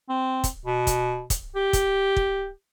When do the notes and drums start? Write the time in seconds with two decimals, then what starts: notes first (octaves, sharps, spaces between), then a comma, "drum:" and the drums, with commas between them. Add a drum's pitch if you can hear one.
0.09 C4
0.44 drum: kick, hi-hat
0.65 B2
0.87 drum: kick, hi-hat
1.30 drum: kick, hi-hat
1.55 G4
1.73 drum: kick, hi-hat
2.17 drum: kick